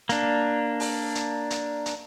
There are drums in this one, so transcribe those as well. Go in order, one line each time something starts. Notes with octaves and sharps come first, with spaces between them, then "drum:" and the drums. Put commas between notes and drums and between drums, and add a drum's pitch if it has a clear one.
A#3 D4, drum: hi-hat
drum: open hi-hat
drum: hi-hat
drum: hi-hat
drum: hi-hat